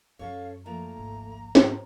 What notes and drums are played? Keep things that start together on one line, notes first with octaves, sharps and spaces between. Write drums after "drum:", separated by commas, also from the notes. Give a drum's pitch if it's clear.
F#2 C#4 A4 C#5 F5
D3 F3 A3 A#3 A#5
G#1 C#2
G#2 F#3 C5, drum: snare